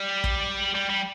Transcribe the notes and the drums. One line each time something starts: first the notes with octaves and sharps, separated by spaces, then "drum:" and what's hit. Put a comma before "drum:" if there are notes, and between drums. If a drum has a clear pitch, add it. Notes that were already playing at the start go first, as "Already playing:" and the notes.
Already playing: G3
drum: kick
G3
G3